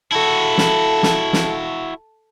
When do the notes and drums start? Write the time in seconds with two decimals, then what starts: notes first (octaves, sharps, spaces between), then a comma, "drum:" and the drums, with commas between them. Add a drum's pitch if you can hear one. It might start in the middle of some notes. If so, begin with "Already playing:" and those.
0.12 E4 F#4 A4
0.58 drum: snare
1.03 drum: snare
1.33 drum: snare